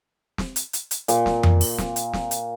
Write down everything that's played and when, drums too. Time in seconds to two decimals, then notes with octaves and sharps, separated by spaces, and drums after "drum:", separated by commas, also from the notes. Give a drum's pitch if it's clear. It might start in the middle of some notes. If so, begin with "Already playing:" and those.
0.38 drum: snare
0.56 drum: hi-hat
0.73 drum: hi-hat
0.91 drum: hi-hat
1.08 A#2, drum: hi-hat
1.26 drum: snare
1.43 drum: tom F2
1.61 drum: open hi-hat
1.78 drum: snare
1.96 drum: hi-hat
2.13 drum: snare
2.31 drum: hi-hat